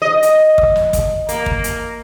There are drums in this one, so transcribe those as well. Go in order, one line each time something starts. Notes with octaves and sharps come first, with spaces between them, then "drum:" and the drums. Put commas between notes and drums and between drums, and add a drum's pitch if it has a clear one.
D#5
drum: hi-hat
drum: kick
drum: snare
drum: kick, hi-hat
A#3, drum: hi-hat
drum: kick
drum: hi-hat